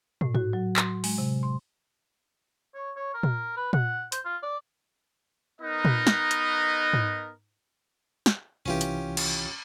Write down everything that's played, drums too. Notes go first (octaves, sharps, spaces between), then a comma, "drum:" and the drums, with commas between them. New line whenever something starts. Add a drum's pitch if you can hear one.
A2, drum: tom
F#4, drum: tom G#2
F#3
C6, drum: clap
G#3, drum: open hi-hat
C3
C6
C#5
C#5
A#4
drum: tom A#2
B4
F#5, drum: tom A#2
C5, drum: hi-hat
F4
D5
B3 D#4 A#4 B4 D#5
drum: tom A#2
drum: snare
drum: hi-hat
drum: tom G#2
drum: snare
C2 E3 C#4 F4 G4
drum: hi-hat
drum: cymbal